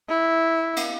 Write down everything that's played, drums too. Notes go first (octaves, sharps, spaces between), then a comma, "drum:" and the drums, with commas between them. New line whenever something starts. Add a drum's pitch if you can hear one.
E4
drum: cymbal